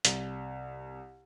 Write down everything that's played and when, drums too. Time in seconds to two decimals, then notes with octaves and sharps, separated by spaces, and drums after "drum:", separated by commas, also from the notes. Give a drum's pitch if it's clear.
0.05 C2, drum: hi-hat